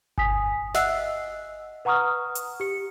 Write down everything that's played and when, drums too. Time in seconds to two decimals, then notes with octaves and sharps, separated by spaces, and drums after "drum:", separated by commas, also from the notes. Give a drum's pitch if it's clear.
0.18 G#5 D#6 B6, drum: kick G1
0.74 D#5 E5 F#5 E6 F#6 C7, drum: snare
1.85 B4 F#5 A#5 C#6 D#6 F6
2.35 drum: hi-hat
2.60 G4 C#7